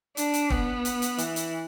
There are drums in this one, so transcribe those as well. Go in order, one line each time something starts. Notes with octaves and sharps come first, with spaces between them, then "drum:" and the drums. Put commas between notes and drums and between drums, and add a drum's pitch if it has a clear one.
D4, drum: hi-hat
drum: hi-hat
B3, drum: kick
drum: hi-hat
drum: hi-hat
E3, drum: hi-hat
drum: hi-hat